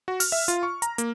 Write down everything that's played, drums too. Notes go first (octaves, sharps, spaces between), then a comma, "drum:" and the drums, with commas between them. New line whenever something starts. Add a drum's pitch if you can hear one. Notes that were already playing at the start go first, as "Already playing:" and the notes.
F#4
F6, drum: open hi-hat
E5
F4, drum: hi-hat
C#6
A#5, drum: hi-hat
A#3, drum: hi-hat